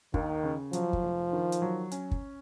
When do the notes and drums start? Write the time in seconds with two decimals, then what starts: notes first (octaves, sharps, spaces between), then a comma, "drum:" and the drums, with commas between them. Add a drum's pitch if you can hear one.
0.14 D#2 D#3, drum: kick
0.44 C#3
0.73 F3 F#3, drum: hi-hat
0.93 drum: kick
1.03 F1
1.33 D#3
1.52 drum: hi-hat
1.62 F#3
1.91 C#4, drum: hi-hat
2.11 drum: kick